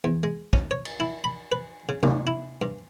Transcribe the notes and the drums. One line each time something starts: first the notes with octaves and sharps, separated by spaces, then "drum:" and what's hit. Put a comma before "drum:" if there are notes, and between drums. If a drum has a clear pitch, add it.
E2
G#3
C#4, drum: kick
C#5
drum: cymbal
E4
B5
B4
C#3
F#2, drum: tom
E4
G2